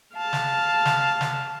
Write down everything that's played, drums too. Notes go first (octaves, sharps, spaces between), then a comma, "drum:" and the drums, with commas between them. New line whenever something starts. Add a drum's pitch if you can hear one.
F5 A5
drum: snare
drum: snare
drum: snare